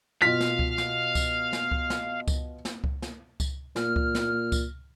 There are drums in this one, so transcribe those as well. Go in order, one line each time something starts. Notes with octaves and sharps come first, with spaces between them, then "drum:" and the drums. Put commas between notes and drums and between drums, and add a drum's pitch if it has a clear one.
B2 F4 F5 B6
drum: snare
drum: kick C#2
drum: snare
drum: kick C#2, tambourine
drum: snare
drum: kick C#2
drum: snare
drum: kick C#2, tambourine
drum: snare
drum: kick C#2
drum: snare
drum: kick C#2, tambourine
A#2 F6, drum: snare
drum: kick C#2
drum: snare
drum: kick C#2, tambourine